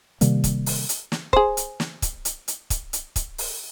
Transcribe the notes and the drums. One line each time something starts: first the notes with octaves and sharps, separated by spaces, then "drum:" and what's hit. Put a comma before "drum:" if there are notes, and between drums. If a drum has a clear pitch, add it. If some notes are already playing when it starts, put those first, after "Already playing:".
C3 D#3 G3 A#3, drum: hi-hat
drum: kick, hi-hat
drum: open hi-hat
drum: hi-hat
drum: snare
G#4 C5, drum: kick
drum: hi-hat
drum: snare
drum: kick, hi-hat
drum: hi-hat
drum: hi-hat
drum: kick, hi-hat
drum: hi-hat
drum: kick, hi-hat
drum: open hi-hat